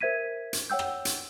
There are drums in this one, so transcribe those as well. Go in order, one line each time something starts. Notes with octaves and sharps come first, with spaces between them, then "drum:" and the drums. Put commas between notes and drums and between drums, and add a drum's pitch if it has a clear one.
A#4 C5 E5 G#6 B6 D#7
drum: hi-hat
C#5 F#5 G5 E6 G6
drum: rim click
drum: hi-hat